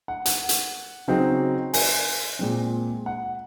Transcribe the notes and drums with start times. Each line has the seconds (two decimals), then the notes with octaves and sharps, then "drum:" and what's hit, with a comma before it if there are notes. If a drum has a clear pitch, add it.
0.08 F#5
0.26 F#5, drum: hi-hat
0.49 drum: hi-hat
1.08 C#3 F#3 C4 D#4
1.74 G#5, drum: open hi-hat
2.39 A#2 G#3 C4
3.06 F#5